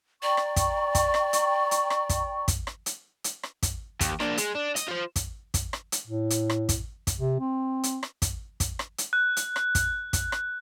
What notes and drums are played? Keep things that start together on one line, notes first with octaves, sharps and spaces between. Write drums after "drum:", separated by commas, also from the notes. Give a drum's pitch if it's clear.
D5 G5 A#5 C#6
drum: rim click
drum: kick, hi-hat
drum: kick, hi-hat
drum: rim click
drum: hi-hat
drum: hi-hat
drum: rim click
drum: kick, hi-hat
drum: kick, hi-hat
drum: rim click
drum: hi-hat
drum: hi-hat
drum: rim click
drum: kick, hi-hat
D#2, drum: kick, hi-hat
A#3 D4, drum: rim click
G#3, drum: hi-hat
D4
D#5, drum: hi-hat
F4 C5
drum: kick, hi-hat
drum: kick, hi-hat
drum: rim click
drum: hi-hat
A2
drum: hi-hat
drum: rim click
drum: kick, hi-hat
drum: kick, hi-hat
C3
C4
drum: hi-hat
drum: rim click
drum: kick, hi-hat
drum: kick, hi-hat
drum: rim click
drum: hi-hat
F#6
drum: hi-hat
drum: rim click
drum: kick, hi-hat
drum: kick, hi-hat
drum: rim click